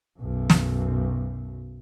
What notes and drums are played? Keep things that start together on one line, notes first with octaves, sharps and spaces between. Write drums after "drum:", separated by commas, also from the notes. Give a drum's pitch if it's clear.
B1 F#2
drum: snare